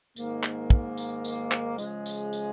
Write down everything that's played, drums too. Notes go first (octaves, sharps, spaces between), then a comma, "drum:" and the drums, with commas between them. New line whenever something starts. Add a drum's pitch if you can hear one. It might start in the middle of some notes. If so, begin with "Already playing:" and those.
G#2 D#3 A#3, drum: tambourine
drum: clap
drum: kick
drum: tambourine
drum: tambourine
drum: clap
C#3 F3 G#3, drum: tambourine
drum: tambourine
drum: tambourine